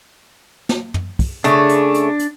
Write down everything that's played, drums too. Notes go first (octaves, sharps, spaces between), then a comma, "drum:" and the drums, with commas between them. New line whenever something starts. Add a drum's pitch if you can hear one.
drum: snare
drum: tom
drum: kick, open hi-hat
C#3 A3 D4, drum: hi-hat
drum: hi-hat
drum: hi-hat
drum: hi-hat